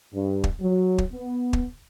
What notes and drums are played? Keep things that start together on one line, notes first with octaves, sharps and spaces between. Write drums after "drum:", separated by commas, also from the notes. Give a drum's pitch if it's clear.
G2
drum: kick
F#3
drum: kick
B3
drum: kick